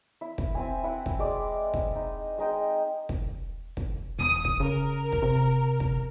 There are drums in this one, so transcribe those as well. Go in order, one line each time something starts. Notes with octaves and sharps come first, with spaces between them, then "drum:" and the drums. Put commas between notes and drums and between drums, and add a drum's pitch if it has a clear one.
E4
drum: kick
C4 E4 G#5
E4 F#5
drum: kick
G#3 D5 D6
drum: kick
D#4
G#3 D#4 G5
drum: kick
drum: kick
E1 D#6
drum: kick
C#3 A#4
drum: kick
C3
drum: kick